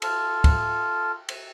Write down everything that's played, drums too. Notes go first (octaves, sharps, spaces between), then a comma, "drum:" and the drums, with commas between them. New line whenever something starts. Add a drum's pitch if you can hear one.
F4 A4, drum: cymbal
drum: kick C#2, cymbal
drum: cymbal